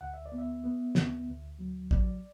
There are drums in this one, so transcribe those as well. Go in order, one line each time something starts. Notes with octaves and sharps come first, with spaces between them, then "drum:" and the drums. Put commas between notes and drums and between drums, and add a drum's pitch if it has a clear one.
D2 F#5
E5
D5
B3
E5
B3
D2, drum: snare
D2
F#3
F#3 D5, drum: kick